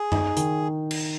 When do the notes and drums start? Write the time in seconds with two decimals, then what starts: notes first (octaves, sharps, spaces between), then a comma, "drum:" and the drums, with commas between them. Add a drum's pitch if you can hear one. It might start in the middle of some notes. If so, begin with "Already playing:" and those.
Already playing: G#4
0.12 D#4, drum: tom F#2
0.37 D#3, drum: hi-hat
0.91 drum: cymbal